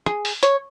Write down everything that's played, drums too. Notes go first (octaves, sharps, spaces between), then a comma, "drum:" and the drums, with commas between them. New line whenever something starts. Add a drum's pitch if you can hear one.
G#4, drum: rim click
drum: open hi-hat
C#5, drum: hi-hat